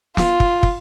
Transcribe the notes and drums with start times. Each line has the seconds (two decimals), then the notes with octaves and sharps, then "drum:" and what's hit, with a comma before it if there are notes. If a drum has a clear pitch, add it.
0.17 F4, drum: snare
0.40 drum: kick
0.63 drum: kick